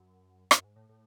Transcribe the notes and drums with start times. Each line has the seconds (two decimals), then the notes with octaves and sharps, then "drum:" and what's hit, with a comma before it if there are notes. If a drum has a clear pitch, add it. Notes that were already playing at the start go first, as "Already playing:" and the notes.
Already playing: F#2
0.51 F#2, drum: rim click
0.64 G#2
0.76 A2
0.89 A2